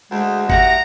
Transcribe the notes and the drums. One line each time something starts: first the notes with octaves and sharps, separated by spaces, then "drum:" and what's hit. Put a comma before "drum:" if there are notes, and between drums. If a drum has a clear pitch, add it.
D2 G#3
A2 G3 E5 F#5 A#5, drum: kick G1